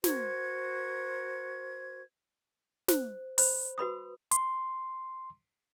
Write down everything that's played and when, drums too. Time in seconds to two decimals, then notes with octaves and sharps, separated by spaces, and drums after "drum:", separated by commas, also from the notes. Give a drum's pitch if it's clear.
0.04 F#4 A#4 C5 G#6, drum: snare
2.88 C5, drum: snare
3.38 C5 B5, drum: open hi-hat
3.78 F#4 B4 B5 D#6
4.31 C6, drum: hi-hat